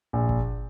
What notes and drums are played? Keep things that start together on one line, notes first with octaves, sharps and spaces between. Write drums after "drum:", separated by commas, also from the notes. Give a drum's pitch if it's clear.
A#1
drum: kick G1